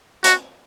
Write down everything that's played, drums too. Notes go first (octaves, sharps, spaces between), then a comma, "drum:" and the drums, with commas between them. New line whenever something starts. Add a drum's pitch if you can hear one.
F#4, drum: hi-hat